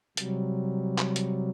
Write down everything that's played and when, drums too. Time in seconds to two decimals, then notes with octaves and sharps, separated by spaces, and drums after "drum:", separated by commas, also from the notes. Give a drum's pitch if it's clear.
0.17 C3 F#3 G3, drum: hi-hat
0.98 drum: clap
1.16 drum: hi-hat